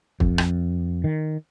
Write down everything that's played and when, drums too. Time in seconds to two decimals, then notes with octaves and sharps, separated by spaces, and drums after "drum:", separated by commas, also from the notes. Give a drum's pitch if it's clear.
0.20 F2, drum: kick
0.38 drum: rim click
1.04 D#3